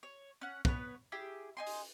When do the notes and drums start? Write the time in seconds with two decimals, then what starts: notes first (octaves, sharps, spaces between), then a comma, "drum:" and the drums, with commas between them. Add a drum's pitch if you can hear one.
0.03 C#5
0.41 C#4 F#5
0.65 B3 B4 C#5, drum: kick
1.12 E4 G4 G#4
1.57 D#4 G#5 C6
1.67 drum: open hi-hat